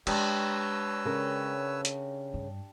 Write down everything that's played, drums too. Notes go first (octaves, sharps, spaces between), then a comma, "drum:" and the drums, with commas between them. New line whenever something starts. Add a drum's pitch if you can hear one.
G#3 D4 G4 B4 C#5 E6, drum: cymbal
C#3 A#4
drum: hi-hat
G2